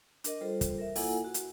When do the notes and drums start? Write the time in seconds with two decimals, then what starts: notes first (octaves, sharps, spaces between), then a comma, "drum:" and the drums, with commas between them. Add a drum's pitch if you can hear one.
0.24 D4 A#4 D#5, drum: hi-hat
0.41 G3 F4 A4 C5
0.61 drum: kick, hi-hat
0.78 A#4 E5
0.96 A#3 E4 F4 A4 F#5 G#5, drum: open hi-hat
1.24 F#4
1.34 drum: hi-hat